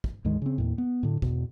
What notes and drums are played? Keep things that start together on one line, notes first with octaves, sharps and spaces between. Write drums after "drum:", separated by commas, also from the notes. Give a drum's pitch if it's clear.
drum: kick
D2 G#2 D#3 G#3
C#3 C4
D#2 A2
B3
A2 D3
E2 B2, drum: kick